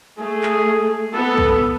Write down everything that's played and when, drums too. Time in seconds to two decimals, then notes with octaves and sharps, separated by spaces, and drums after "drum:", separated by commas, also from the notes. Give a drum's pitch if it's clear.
0.19 A3 G#4
0.43 drum: clap
1.14 B3 A4
1.38 drum: kick